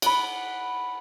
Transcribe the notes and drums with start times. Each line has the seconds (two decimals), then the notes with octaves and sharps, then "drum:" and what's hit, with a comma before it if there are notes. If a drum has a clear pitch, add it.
0.02 F#5 B5, drum: cymbal